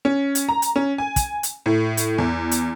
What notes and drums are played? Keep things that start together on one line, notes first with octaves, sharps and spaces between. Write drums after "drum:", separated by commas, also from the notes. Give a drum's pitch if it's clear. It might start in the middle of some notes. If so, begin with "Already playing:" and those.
C#4
drum: hi-hat
A#5
drum: hi-hat
C#4
G#5
drum: kick, hi-hat
drum: hi-hat
A2
drum: hi-hat
E2
drum: hi-hat